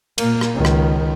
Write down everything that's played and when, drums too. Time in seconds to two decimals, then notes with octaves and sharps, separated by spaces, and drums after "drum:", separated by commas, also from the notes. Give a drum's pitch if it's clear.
0.18 A#2 A#3, drum: cymbal
0.41 drum: rim click
0.55 C#2 D#3
0.65 drum: rim click